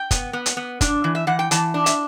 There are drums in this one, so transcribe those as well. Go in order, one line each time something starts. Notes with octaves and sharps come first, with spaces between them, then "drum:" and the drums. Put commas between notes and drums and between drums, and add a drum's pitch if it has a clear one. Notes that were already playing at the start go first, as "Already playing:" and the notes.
Already playing: G5
B3, drum: kick, hi-hat
B3
drum: hi-hat
B3
D4, drum: kick, hi-hat
E3
E5
E3 F#5
G5
E3 A5, drum: hi-hat
D4
E5, drum: hi-hat